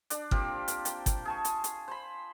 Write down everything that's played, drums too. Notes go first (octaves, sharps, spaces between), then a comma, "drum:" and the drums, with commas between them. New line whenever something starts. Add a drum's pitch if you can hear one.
D4, drum: hi-hat
A#3 C4 F4 G4, drum: kick G1
drum: hi-hat
G5, drum: hi-hat
drum: kick G1, hi-hat
G#4 A5 C#6
drum: hi-hat
drum: hi-hat
C5 B5